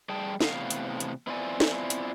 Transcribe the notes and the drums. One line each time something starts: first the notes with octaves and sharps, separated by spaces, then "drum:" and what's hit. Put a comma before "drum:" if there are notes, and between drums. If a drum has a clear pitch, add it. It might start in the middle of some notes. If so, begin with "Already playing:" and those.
G3 G#4 G5 A5
E2 A2 C3 B3 F4 F5, drum: snare
drum: hi-hat
drum: hi-hat
B3 C4 E4 F4 D5 G#5
drum: snare
drum: hi-hat